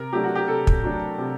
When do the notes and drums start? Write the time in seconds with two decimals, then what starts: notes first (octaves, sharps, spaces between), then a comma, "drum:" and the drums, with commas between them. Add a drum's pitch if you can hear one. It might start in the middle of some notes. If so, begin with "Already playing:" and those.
Already playing: C3 A#4
0.13 F#3 A3 D4 G4
0.24 F#4
0.35 G4
0.47 C3 A4
0.67 drum: kick
0.84 F#3 A3 D4
1.18 C3